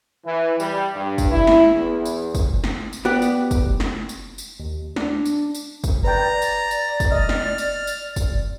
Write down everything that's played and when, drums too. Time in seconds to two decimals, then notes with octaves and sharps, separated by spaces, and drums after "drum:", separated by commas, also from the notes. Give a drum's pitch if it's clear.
0.26 E3
0.60 G3, drum: tambourine
0.95 G2
1.18 drum: kick, tambourine
1.31 E4
1.47 drum: snare
1.72 E2
2.05 drum: tambourine
2.35 drum: kick, tambourine
2.64 drum: snare
2.93 drum: tambourine
3.05 B3 F#4 G4 D5
3.22 drum: tambourine
3.51 drum: kick, tambourine
3.80 drum: snare
4.09 drum: tambourine
4.38 drum: tambourine
4.60 D#2
4.96 D4, drum: snare
5.25 drum: tambourine
5.55 drum: tambourine
5.84 drum: kick, tambourine
6.04 B4 D5 G5 A#5
6.42 drum: tambourine
6.71 drum: tambourine
7.00 drum: kick, tambourine
7.12 D#5 F6
7.29 drum: snare
7.58 drum: tambourine
7.87 drum: tambourine
8.16 drum: kick, tambourine